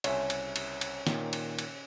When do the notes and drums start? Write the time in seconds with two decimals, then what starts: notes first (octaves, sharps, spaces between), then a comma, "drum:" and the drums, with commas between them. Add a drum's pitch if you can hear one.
0.04 C2 C#3 C5 C#5 E5, drum: cymbal
0.30 drum: cymbal
0.56 drum: cymbal
0.81 drum: cymbal
1.07 A#2 D#3, drum: snare
1.33 drum: cymbal
1.59 drum: cymbal